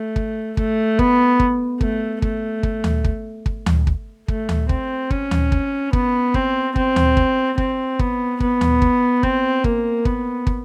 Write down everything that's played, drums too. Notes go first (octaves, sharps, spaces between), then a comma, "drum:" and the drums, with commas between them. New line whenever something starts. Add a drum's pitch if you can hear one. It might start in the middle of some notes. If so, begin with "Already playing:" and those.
Already playing: A3
drum: kick
A3, drum: kick
B3, drum: kick
drum: kick
A3, drum: kick
A3, drum: kick
drum: kick
drum: tom D2
drum: kick
drum: kick
drum: tom D2
drum: kick
A3, drum: kick
drum: tom D2
C4, drum: kick
C#4, drum: kick
drum: tom D2
drum: kick
B3, drum: kick
C4, drum: kick
C4, drum: kick
drum: tom D2
drum: kick
C4, drum: kick
B3, drum: kick
B3, drum: kick
drum: tom D2
drum: kick
C4, drum: kick
A#3, drum: kick
B3, drum: kick
drum: kick